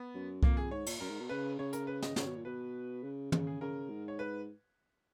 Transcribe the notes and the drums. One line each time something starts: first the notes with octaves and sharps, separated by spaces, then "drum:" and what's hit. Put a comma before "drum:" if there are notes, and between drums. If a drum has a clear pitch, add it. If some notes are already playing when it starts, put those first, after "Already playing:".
Already playing: B3
F#2
F2 A#3, drum: kick C2
G#4
G#2 C#5
A#2, drum: cymbal
F#2 A#4
G#2
B2
C#3 B4
C#3 C#5
A#4, drum: hi-hat
B4
D#5, drum: snare
C#3 C#5, drum: snare
B2
A#2
B2 B4
C#3
C#3, drum: tom
G#4
C#3 A#4
G#2
C#5
B4